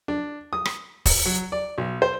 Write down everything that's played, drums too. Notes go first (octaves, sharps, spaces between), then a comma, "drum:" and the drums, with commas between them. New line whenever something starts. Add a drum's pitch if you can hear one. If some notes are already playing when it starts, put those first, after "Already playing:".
D4
D#6
drum: rim click
drum: kick, open hi-hat
F#3
D5
B1
C5